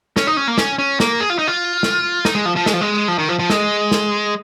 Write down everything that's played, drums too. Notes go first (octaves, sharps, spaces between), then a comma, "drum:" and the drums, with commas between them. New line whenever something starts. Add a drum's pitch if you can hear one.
C#4, drum: snare
D#4
C#4
A#3
C#4, drum: snare
C#4
A#3, drum: snare
G#4
F4
D#4
F4
drum: snare
D#4, drum: snare
G#3
F3
F3
G#3, drum: snare
F3
G#3
F3
D#3
F3
F3
G#3, drum: snare
drum: snare